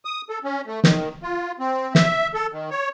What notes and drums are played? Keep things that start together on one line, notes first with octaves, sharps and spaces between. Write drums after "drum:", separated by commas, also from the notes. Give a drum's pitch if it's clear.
D#6
A4
C#4
A3
D#3, drum: snare
F4
C4
E5, drum: snare
A4
D#3
C#5